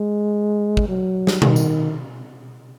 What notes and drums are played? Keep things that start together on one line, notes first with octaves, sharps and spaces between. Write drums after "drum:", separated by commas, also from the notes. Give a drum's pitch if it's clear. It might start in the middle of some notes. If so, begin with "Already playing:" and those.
Already playing: G#3
drum: kick
F#3
drum: snare
D#3, drum: tom B2
drum: tambourine